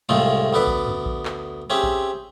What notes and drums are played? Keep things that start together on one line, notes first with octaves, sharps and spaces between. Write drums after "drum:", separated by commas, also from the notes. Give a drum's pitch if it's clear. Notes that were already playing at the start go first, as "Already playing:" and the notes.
C2 A2 C3 G#3 A3 F4
D2 B3 A4 B4 D5 B5
drum: kick A1
drum: tom
drum: kick A1
drum: clap
C4 C#4 G4 G#4 E5
drum: kick A1